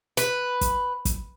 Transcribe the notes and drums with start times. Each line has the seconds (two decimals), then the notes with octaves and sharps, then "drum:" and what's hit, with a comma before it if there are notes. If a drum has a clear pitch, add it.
0.17 B4, drum: hi-hat
0.61 drum: kick, hi-hat
1.05 drum: kick, hi-hat